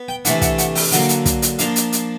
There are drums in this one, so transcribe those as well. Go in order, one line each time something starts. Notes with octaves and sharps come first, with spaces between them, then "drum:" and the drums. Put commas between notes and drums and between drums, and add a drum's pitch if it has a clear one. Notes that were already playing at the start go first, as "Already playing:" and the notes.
Already playing: B3
G5
C3 E3 A3 D4 F#5, drum: hi-hat
F#5, drum: kick, hi-hat
F#5, drum: hi-hat
G5, drum: open hi-hat
D3 F#3 A#3 F#5, drum: hi-hat
drum: hi-hat
drum: kick, hi-hat
drum: hi-hat
F3 A#3 D4 F5, drum: hi-hat
drum: hi-hat
drum: hi-hat